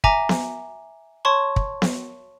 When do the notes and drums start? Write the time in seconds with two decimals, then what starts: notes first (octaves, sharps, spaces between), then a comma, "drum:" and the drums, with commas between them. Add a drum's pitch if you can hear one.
0.04 E5 G#5 A#5 D6 A#6, drum: kick
0.29 drum: snare B3
1.25 C#5 A5 C6 C#6
1.56 drum: kick
1.82 drum: snare B3